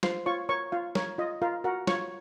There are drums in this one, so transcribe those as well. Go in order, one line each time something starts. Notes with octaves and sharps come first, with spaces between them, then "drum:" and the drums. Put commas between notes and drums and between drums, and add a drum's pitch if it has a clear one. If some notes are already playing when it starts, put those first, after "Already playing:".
F4 C5 C6, drum: snare
F4 C#5 C#6
A#4 C#5 C#6
F4 F5
A#4 C#5, drum: snare
F4 D#5
F4 A#4 F5
F#4 A#4 F#5
F4 C#5 C#6, drum: snare